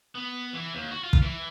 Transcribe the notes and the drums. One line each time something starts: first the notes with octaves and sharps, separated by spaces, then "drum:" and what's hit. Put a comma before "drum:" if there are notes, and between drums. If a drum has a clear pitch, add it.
B3
E3
D#2
F#4
F4
drum: kick
E3